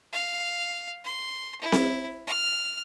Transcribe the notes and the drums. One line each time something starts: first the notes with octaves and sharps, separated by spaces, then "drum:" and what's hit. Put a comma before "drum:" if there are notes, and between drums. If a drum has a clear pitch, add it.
F5
C6
E4
drum: snare C4
F6